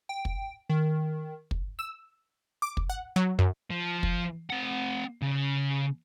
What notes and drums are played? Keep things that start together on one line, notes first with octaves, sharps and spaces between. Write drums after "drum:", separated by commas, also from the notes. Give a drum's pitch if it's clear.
G5
drum: kick
D#3
drum: kick
E6
D6
drum: kick
F#5
F#3
F#2
F3
drum: kick
C4 F#5
C#3